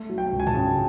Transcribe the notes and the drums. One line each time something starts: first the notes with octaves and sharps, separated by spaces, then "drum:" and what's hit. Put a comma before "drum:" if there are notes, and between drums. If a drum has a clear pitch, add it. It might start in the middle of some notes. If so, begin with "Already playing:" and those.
Already playing: A3
F#3
G5
C#2
G#5
A5, drum: tom
C#3